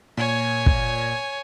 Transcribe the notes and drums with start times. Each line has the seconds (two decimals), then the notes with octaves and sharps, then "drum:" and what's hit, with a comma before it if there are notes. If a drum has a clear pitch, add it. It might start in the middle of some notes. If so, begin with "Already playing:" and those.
0.17 A#2 C#5 G#5
0.66 drum: kick